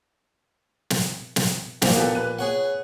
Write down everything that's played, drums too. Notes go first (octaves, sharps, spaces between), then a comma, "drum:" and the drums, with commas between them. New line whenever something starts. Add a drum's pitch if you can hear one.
drum: snare
drum: snare
D2 A#2 E3 F3 F7, drum: snare
B3 G4 A4
B4 F#6 D#7
G#4 C#5 F#5